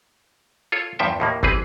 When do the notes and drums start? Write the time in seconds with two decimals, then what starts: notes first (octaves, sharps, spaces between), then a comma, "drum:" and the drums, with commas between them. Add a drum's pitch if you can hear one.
0.72 F4 A4 C#5
0.99 E2 G2 F3 E5 G5
1.20 D#2 A2 A#3
1.43 A1 E3 C4 G#4 B4, drum: kick